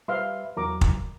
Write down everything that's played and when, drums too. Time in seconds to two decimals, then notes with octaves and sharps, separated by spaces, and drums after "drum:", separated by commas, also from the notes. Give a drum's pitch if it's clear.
0.08 G3 B4 C5 E5 F5 C6
0.57 E2 F#3 A#4 A#5 D6
0.81 drum: kick